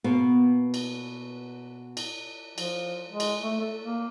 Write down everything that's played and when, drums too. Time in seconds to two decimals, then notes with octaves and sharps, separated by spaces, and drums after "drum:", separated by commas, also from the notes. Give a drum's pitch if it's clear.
0.04 B2 A#3 B3
0.74 drum: cymbal
1.97 drum: cymbal
2.58 F3, drum: cymbal
3.09 G#3
3.20 drum: cymbal
3.42 A3
3.61 A4
3.81 A#3